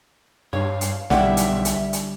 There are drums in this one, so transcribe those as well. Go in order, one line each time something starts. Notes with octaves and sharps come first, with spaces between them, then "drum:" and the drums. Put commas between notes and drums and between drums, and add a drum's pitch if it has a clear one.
G2 C#5 F5
drum: hi-hat
B1 D3 G3 E4 E5 F#5 G5, drum: snare
drum: hi-hat
drum: hi-hat
drum: hi-hat